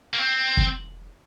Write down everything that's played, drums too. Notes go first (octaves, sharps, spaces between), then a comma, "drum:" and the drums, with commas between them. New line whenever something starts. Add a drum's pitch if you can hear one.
A#3
C4
drum: kick